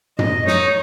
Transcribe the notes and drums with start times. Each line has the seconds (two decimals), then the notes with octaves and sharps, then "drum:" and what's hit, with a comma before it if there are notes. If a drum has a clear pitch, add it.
0.19 D#5, drum: tom
0.47 D#4 C#5, drum: snare